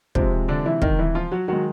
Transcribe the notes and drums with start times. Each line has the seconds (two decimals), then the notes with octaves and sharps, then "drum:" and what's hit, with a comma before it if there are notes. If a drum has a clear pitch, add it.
0.15 C3 F3 G#3 C4, drum: kick
0.49 D3 D4
0.66 E3 E4
0.82 D#3 D#4, drum: kick
0.99 E3 E4
1.15 F3 F4
1.32 F#3 F#4
1.48 D#3 F#3 G#3 F#4